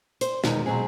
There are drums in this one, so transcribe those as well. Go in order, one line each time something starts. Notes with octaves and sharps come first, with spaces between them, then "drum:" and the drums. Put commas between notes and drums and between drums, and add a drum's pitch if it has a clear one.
C5, drum: hi-hat
E2 B2 D#3 G#3 D#4, drum: snare
B2 F#3 G#3 C4 G#4